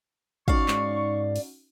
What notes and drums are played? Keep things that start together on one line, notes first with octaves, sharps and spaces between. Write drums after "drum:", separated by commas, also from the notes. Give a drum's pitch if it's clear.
C#4 D#4 F#4 D5 F5 C#6, drum: kick
G#2, drum: clap
drum: open hi-hat